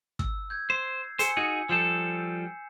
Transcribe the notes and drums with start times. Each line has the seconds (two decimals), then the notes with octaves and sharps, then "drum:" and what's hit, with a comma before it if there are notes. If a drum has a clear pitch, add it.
0.19 E6, drum: kick
0.50 G6 G#6
0.70 C5 C7
1.19 C5 G#5 E6 C#7, drum: hi-hat
1.37 D#4 F#4 G#4
1.69 F3 G3 A4 G6 C7 E7